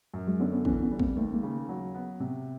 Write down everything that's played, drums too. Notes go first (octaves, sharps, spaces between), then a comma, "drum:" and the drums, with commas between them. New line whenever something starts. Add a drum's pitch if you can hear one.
F#2
F#3 G#3
D3 B3 C#4
B3 C#4
E3 B3 C#4, drum: kick
B3 C#4
G3
A#3 C4, drum: kick
D#2 A3 B3
G#3 A#3
C#3
F#3
B3
C3